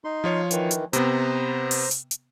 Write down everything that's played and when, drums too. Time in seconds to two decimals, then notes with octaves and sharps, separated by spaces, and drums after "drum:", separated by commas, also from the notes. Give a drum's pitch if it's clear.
0.05 D#4 C6
0.24 F3 F4 C#5
0.51 D#3 E3, drum: hi-hat
0.71 drum: hi-hat
0.93 C3 B3 C5 A#5, drum: hi-hat
1.71 drum: open hi-hat
1.91 drum: hi-hat
2.11 drum: hi-hat